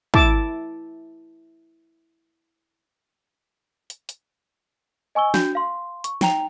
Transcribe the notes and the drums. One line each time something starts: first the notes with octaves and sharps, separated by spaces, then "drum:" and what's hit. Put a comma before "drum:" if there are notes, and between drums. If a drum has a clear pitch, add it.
E4 A5 D6, drum: kick
drum: hi-hat
drum: hi-hat
D#5 G#5 C#6 E6 G7
D4 F#4 G6, drum: snare
F5 C6
C#6, drum: hi-hat
D#4 G5 A#5 F7, drum: snare